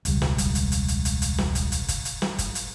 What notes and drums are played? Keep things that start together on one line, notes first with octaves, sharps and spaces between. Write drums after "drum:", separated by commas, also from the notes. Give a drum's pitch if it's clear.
E1 C#2 G3, drum: hi-hat
drum: snare
drum: kick F#1, hi-hat
drum: hi-hat
drum: hi-hat
drum: hi-hat
drum: hi-hat
drum: hi-hat
drum: snare
drum: kick F#1, hi-hat
drum: hi-hat
drum: kick F#1, hi-hat
drum: hi-hat
drum: snare
drum: kick F#1, hi-hat
drum: hi-hat